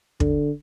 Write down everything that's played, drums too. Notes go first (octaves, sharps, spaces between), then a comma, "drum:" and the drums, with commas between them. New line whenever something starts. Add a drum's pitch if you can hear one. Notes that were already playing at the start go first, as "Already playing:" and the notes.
D3, drum: kick